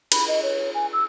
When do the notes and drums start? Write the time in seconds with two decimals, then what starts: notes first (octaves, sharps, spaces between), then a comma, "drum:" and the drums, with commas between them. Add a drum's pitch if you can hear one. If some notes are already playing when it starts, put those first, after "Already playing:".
0.12 B5, drum: cymbal
0.27 D#5
0.42 C#5
0.74 G#5
0.92 E6